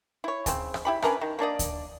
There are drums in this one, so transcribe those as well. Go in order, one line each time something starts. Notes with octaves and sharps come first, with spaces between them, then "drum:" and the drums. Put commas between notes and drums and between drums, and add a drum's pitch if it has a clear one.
E4 C#5
C#3 C4, drum: kick D2, hi-hat
drum: rim click
E4 G4 B5
C#4 D4 A#4 B4, drum: rim click
D#3
A#3 D4 D5 D#5
drum: kick D2, hi-hat